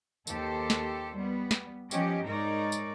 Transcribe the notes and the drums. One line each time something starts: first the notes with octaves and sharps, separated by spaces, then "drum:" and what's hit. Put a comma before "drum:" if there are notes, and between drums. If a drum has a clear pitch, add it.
D#2 G4 A4 C5, drum: tambourine
drum: snare
G3 B3
drum: snare
F3 B3 C#4 G4 D#5, drum: tambourine
G#2 D#4 A#4 C#5 D5
drum: tambourine